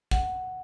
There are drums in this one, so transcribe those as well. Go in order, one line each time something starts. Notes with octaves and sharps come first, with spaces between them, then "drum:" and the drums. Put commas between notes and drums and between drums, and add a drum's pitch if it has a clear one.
F#5, drum: kick